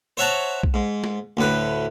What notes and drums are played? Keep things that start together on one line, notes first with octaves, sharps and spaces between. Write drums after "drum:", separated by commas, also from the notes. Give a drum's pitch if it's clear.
C5 C#5 E5 F#5 A5 A#5
drum: kick
G#2
drum: snare
D2 A2 B4